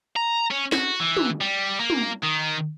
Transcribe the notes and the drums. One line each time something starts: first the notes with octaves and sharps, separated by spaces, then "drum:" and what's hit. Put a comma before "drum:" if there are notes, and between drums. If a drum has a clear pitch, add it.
A#5
C#4
F#4, drum: snare
E3
drum: tom
G3
A#3
drum: tom
D#3